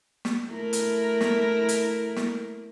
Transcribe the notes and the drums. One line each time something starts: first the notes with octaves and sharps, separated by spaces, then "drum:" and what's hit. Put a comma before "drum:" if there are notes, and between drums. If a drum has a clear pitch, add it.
drum: snare
A3 E4 A#4
drum: hi-hat
drum: snare
drum: hi-hat
drum: snare